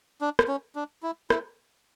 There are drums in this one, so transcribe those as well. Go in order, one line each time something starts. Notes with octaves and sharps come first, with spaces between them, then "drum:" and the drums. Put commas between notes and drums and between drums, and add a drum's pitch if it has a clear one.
D4
drum: rim click
C#4
D4
E4
E4, drum: rim click